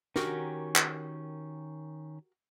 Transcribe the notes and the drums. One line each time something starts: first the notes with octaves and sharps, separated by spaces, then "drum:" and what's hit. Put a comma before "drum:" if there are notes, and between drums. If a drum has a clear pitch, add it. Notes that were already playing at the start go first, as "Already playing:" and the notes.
D#3 C#4 F#4 G4 A#4, drum: snare
drum: clap